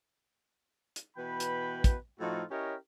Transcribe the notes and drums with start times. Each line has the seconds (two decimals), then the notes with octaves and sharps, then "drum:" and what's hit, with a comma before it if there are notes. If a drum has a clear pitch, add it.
0.96 drum: hi-hat
1.17 B2 E3 B4 G5 B5
1.40 drum: hi-hat
1.84 drum: kick, hi-hat
2.20 A2 F3 D#4 F4 F#4 A4
2.50 C#4 E4 G4 A#4 C#5 D#5